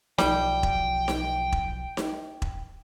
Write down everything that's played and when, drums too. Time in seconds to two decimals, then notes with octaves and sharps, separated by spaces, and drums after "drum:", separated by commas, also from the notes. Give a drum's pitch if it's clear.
0.18 B1 F3 G3 G5, drum: snare D#4
0.63 drum: kick E1
1.08 drum: snare D#4
1.52 drum: kick E1
1.97 drum: snare D#4
2.42 drum: kick E1